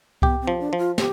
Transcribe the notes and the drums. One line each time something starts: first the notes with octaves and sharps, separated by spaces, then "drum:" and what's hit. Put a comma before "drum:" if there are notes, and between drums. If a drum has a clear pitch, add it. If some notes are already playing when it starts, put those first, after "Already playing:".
B3 G4, drum: kick C2
C4
F3
D4
F3
F4
G4, drum: snare